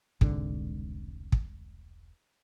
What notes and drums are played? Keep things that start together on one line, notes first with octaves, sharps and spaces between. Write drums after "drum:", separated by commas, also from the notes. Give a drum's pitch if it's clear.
E1 C2 G#2 D3, drum: kick
drum: kick